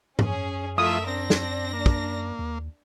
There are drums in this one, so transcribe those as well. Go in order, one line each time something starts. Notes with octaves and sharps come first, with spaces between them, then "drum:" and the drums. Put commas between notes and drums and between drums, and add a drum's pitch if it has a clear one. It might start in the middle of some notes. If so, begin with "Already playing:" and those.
F#2 C#4 G#4, drum: tom G#2
F3 A3 E4 F4 A#4 E5 D#6
C4 D4 A#6
drum: snare
A#3
drum: kick
D#2